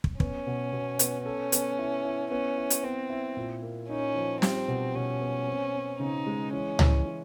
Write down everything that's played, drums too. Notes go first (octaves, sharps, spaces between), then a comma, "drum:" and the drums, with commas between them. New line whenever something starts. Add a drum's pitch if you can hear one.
drum: kick
B3 C#4, drum: kick
B2
B2
B3, drum: hi-hat
C#4 A4
B3, drum: hi-hat
E4
E4
B3 C#4
E4
drum: hi-hat
B3 C4
E4
A#2
A#3
C#4 D#4
F3
G3 C4, drum: snare
B2
B2 C#4
B3
C4
C4
C#3 D#4
G#3
E3 C#4
E3, drum: tom C#2
E3